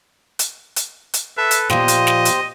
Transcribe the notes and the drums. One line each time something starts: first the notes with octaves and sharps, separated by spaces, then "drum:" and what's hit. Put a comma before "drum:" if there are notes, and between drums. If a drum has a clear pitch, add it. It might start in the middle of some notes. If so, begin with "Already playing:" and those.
drum: hi-hat
drum: hi-hat
drum: hi-hat
A4 B4 E5
drum: hi-hat
A#2 F3 G4 C5 D#5, drum: snare
drum: hi-hat
drum: snare
drum: hi-hat